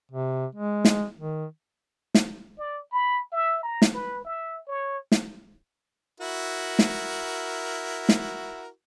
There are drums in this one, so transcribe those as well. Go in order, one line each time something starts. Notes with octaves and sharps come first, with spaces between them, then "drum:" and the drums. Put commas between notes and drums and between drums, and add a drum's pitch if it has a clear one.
C3
G#3
drum: snare
D#3
drum: snare
D5
B5
E5
A#5
drum: snare
B4
E5
C#5
drum: snare
E4 F#4 A#4
drum: snare
drum: snare